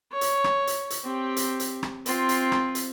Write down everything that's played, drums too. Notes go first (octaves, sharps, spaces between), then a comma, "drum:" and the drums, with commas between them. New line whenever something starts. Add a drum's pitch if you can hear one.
C#5
drum: hi-hat
drum: rim click
drum: hi-hat
drum: hi-hat
C4 G4
drum: hi-hat
drum: hi-hat
drum: rim click
C4 F4, drum: hi-hat
drum: hi-hat
drum: rim click
drum: hi-hat